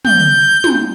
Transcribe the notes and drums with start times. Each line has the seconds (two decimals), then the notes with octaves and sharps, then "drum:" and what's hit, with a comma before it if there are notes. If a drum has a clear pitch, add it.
0.05 G6, drum: tom
0.64 drum: tom